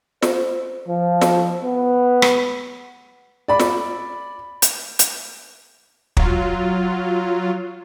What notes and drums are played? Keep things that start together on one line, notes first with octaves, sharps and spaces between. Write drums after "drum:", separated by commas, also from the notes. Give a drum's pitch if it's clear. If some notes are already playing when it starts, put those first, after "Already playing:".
C5, drum: snare
F3
drum: snare
B3
drum: rim click
D5 B5
drum: snare
drum: hi-hat
drum: hi-hat
F#3 F4, drum: kick